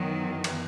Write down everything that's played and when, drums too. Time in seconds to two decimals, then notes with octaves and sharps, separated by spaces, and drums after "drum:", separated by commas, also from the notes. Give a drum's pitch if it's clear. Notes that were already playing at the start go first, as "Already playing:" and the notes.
Already playing: F#2 D#3 E3 F#3 B3
0.44 drum: cymbal